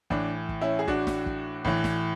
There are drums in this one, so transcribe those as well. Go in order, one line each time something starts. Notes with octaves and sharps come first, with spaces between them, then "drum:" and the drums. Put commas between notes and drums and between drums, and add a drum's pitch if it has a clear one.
A2 E3 D4, drum: kick
drum: kick
C#4 E4
G#4
D4 F#4, drum: kick
drum: snare
drum: kick
A2 E3, drum: kick
drum: snare